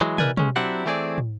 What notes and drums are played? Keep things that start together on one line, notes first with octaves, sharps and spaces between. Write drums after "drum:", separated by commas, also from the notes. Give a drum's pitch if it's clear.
E3 F#3 G#3
B2 E3 A#4 B4 D5 G#5, drum: tom
B1 G#3 C#4, drum: tom
F#3 C4 D4 E4 G4 F#5
E3 A3 C4 E4 G#4 D5
drum: tom